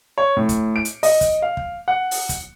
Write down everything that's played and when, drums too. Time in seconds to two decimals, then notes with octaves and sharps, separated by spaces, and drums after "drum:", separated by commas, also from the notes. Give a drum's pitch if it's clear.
0.18 C#5
0.37 A2
0.49 drum: kick, hi-hat
0.76 D7
0.85 drum: hi-hat
1.03 D#5, drum: open hi-hat
1.21 drum: kick, hi-hat
1.42 F5
1.57 drum: kick
1.88 F#5
2.11 drum: open hi-hat
2.29 drum: kick, hi-hat